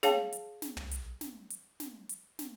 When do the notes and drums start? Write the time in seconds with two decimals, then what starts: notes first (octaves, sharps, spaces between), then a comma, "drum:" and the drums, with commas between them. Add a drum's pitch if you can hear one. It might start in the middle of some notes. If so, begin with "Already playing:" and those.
0.03 G#4 C#5 F5 G5 A5, drum: snare
0.32 drum: hi-hat
0.62 drum: snare
0.77 drum: tom
0.91 drum: hi-hat
1.21 drum: snare
1.50 drum: hi-hat
1.80 drum: snare
2.09 drum: hi-hat
2.39 drum: snare